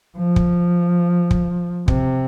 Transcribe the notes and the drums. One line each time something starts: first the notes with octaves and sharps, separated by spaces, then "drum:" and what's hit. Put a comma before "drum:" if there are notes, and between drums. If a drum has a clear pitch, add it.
F3
drum: kick
drum: kick
C3, drum: kick